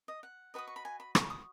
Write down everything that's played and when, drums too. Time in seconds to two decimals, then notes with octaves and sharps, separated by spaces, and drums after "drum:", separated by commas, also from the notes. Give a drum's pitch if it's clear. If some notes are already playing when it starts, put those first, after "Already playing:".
0.08 D#5
0.23 F#5
0.54 F#4 B4 D#5 D#6
0.67 C#6
0.76 B5
0.85 G#5
1.00 B5
1.15 C#6, drum: rim click
1.30 D#6